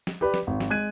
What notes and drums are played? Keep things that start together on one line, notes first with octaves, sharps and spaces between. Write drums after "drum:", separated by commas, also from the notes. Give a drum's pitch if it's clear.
drum: snare
G4 B4 D5
drum: snare
G#1
drum: snare
G#3 F#6 G#6 D#7